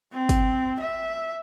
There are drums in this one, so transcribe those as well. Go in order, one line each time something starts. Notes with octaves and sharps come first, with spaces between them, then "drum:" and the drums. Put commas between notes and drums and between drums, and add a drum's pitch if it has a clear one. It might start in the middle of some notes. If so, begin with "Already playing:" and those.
C4
drum: kick, hi-hat
E5